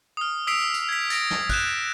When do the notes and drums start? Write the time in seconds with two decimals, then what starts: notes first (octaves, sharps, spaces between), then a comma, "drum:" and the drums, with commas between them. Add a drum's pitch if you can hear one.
0.17 D#6 F6
0.47 D#6 E6 B6 C7 D7 F7
0.74 drum: tambourine
0.89 G#6 B6
1.10 A6 A#6 D7, drum: tambourine
1.31 drum: snare
1.49 F#6 G6 E7, drum: kick, tambourine